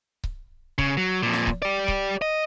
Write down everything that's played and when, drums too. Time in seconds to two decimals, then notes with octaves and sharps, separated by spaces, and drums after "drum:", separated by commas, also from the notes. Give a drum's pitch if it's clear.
0.24 drum: kick C#1
0.78 C#3, drum: kick C#1
0.97 F#3
1.23 F2 A#2
1.33 drum: snare
1.47 drum: kick C#1
1.62 G4 D5
1.88 drum: kick C#1
2.22 D#5